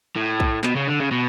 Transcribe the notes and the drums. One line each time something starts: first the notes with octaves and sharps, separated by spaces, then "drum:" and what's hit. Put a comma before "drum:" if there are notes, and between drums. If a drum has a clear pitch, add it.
A2
drum: kick
B2, drum: clap
C#3
D3
C#3
B2